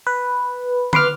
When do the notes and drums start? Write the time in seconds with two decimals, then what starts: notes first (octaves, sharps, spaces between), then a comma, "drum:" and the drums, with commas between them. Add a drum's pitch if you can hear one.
0.07 B4
0.93 B4 C6 D6 F6, drum: tom D3